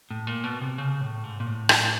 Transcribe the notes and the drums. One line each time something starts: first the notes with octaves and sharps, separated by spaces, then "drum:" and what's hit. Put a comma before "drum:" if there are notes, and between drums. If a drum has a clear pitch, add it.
A2
A#2
B2
C3
C#3
A2
G#2
A#2
A2
drum: rim click